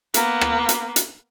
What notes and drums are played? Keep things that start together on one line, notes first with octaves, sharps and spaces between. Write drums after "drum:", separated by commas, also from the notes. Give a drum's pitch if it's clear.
A#3 B3, drum: hi-hat
drum: rim click
drum: hi-hat
drum: hi-hat